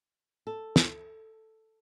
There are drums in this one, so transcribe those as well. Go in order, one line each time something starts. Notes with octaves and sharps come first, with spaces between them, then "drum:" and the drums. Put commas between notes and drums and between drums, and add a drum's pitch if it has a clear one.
A4
drum: snare